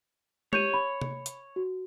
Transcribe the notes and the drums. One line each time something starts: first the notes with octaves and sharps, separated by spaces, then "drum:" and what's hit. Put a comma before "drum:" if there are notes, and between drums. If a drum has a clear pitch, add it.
G4 C#5 G6 D#7, drum: tom G#3
B5
drum: tom C3
drum: hi-hat
F#4